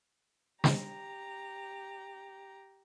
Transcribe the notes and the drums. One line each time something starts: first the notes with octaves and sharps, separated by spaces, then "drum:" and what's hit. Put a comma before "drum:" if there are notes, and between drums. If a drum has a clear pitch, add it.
G4 A#5, drum: snare